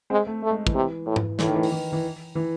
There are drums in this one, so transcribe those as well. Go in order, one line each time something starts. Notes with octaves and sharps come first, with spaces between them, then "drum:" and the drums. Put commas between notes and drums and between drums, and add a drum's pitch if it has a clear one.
G#3 C4
A3
A3
G#3
E3, drum: kick
C3
A2
drum: tom G#2
A2 E3, drum: snare
D#3
E3
D#3, drum: open hi-hat
E3
E3
E3